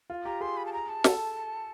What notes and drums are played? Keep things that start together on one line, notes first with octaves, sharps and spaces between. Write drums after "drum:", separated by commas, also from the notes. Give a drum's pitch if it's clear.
F4
G4 A#5
G#4 C6
B5
A5
A#5
A5
A4, drum: snare